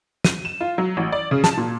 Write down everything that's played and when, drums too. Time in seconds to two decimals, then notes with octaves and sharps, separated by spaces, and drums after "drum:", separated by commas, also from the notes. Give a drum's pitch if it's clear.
0.24 D#7, drum: snare
0.45 E7
0.61 F4
0.78 F#3
0.97 A1
1.12 D5
1.31 C#3
1.44 A5, drum: snare
1.57 A#2